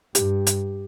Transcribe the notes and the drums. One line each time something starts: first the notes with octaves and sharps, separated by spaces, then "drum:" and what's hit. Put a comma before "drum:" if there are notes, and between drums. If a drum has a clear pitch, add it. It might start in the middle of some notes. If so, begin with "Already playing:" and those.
G2 G4, drum: hi-hat
drum: hi-hat